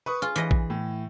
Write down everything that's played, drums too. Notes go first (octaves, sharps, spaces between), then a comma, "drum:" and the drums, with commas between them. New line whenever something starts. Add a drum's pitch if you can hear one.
B4 C#6 D#6
F4 G#4
E3 D#5
drum: kick A1
A2